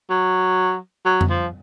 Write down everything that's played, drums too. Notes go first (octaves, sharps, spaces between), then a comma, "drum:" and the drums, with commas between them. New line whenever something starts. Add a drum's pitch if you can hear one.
F#3
F#3
drum: tom F2
F3